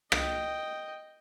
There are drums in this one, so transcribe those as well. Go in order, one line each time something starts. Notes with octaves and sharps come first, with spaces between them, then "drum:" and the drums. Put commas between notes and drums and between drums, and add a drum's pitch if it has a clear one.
D#5 G5, drum: rim click